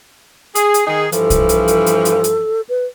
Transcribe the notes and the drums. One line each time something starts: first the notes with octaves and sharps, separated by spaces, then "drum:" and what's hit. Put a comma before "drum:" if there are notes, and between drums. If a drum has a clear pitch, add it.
G#4, drum: hi-hat
drum: hi-hat
D#3 D#4 G#4
G2 E3 F3 A4, drum: hi-hat
drum: kick, hi-hat
drum: hi-hat
drum: hi-hat
drum: hi-hat
drum: hi-hat
drum: hi-hat
B4